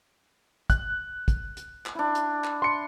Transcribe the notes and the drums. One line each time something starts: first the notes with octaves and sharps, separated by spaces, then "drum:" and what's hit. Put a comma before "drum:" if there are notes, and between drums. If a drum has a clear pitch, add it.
F#6, drum: kick, hi-hat
drum: kick, hi-hat
drum: hi-hat
drum: clap
D4 E4
drum: hi-hat
drum: clap
C6 C#7